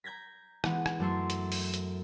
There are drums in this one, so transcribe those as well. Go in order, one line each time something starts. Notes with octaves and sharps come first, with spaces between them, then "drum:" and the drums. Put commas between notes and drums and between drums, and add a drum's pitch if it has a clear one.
A#5 G6 G#6 A#6 B6
E3 G#3 B3 F#5, drum: rim click
drum: rim click
F#2 A3 A4 E5 C6
drum: hi-hat
drum: open hi-hat
drum: hi-hat